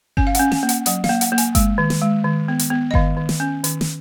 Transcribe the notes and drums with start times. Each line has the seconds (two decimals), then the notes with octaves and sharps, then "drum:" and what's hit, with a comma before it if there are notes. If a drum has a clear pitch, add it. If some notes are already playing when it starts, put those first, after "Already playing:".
0.17 C#4 G#5, drum: kick G1
0.27 F5
0.35 C#4 F#5, drum: hi-hat
0.52 G#5, drum: snare
0.63 A#3
0.69 F#5, drum: hi-hat
0.86 F#3 F#5, drum: hi-hat
1.04 F5, drum: snare
1.09 A#3
1.21 F#5, drum: hi-hat
1.32 A#3
1.38 G#5, drum: hi-hat
1.55 G#3, drum: kick G1, hi-hat
1.78 D#3
1.90 drum: snare
2.02 G#3
2.24 D#3
2.48 B3
2.59 drum: hi-hat
2.70 B3
2.91 D#5
2.94 D#3 F5, drum: kick G1
3.17 D#3
3.29 drum: snare
3.40 C#4
3.64 D#3, drum: hi-hat
3.81 drum: snare